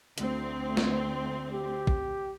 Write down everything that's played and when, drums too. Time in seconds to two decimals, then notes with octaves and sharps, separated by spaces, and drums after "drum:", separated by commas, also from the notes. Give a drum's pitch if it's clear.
0.18 D2 C4, drum: hi-hat
0.77 drum: snare
1.53 G4
1.87 drum: kick